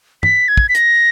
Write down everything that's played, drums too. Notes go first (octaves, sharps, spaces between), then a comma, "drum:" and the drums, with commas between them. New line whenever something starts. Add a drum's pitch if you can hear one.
B6, drum: tom
G#6
drum: kick
B6
A#6, drum: hi-hat